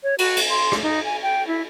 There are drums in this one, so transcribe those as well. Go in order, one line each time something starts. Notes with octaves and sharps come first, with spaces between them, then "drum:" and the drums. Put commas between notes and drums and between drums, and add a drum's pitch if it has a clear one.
C#5
F#4, drum: cymbal
drum: cymbal
C6
drum: rim click
D#4
G#5
G5
E4